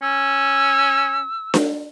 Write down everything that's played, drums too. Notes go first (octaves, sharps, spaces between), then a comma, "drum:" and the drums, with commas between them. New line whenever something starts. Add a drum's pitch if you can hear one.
C#4 E6
drum: snare D4